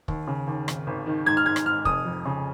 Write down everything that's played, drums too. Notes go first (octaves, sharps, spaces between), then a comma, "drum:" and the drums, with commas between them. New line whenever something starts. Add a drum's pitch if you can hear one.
D#2, drum: kick
C#3
D#2
G#1, drum: rim click
G#1
D#3
G#2 G#6
F6
G#2 G#6
drum: rim click
G#2 F6
F1 D#6, drum: kick
F2
C#3